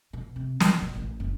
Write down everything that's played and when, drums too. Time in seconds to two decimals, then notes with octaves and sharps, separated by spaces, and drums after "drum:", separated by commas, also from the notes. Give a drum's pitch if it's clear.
0.13 B2
0.36 C3
0.60 D3, drum: snare
0.82 B2
0.95 A1
1.20 F#1